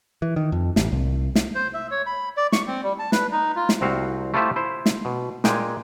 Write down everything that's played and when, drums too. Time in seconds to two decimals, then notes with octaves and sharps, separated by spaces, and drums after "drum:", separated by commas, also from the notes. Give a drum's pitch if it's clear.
0.22 E3
0.36 D#3
0.52 F2
0.76 A1, drum: snare
0.92 C2
1.35 drum: snare
1.55 C5
1.74 E5
1.91 C#5
2.07 B5
2.37 D5
2.52 C#6, drum: snare
2.67 C4
2.83 G3
2.99 A5
3.12 B4, drum: snare
3.32 D#4
3.56 F4
3.69 drum: snare
3.81 C2 C4 F#4 F5
4.34 A3 E4 F4 G4 C5 E5
4.56 E4 C5
4.86 drum: snare
5.05 B2
5.44 A#2 G#3 G5 G#5, drum: snare